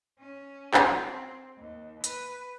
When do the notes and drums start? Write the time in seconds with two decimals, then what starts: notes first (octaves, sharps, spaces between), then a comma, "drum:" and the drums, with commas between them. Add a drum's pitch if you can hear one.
0.19 C#4
0.74 drum: clap
0.87 C4
1.58 D#2
2.04 B4, drum: hi-hat